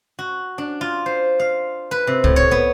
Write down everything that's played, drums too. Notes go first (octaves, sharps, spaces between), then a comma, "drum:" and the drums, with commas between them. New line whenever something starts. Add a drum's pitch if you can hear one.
F#4
D4
F4
C5
F5
B4
C3
A2, drum: kick
C#5
B3